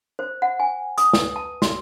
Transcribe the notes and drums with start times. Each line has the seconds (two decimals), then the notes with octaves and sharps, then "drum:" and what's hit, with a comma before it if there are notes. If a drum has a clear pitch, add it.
0.19 C5
0.42 F#5
0.60 G#5
0.98 D#6, drum: hi-hat
1.13 B4, drum: snare
1.36 A5
1.62 F#4, drum: snare